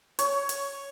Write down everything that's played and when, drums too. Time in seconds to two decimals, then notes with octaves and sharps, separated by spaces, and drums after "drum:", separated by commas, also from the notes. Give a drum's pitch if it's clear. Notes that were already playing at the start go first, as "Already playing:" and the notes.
0.19 C#5, drum: hi-hat
0.49 drum: hi-hat